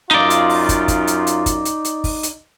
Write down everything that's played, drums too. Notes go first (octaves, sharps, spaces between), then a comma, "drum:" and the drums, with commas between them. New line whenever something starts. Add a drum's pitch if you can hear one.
F#2 D#4 F4 D5
drum: hi-hat
drum: open hi-hat
drum: kick, hi-hat
drum: kick, hi-hat
drum: hi-hat
drum: hi-hat
drum: kick, hi-hat
drum: hi-hat
drum: hi-hat
drum: kick, open hi-hat
drum: hi-hat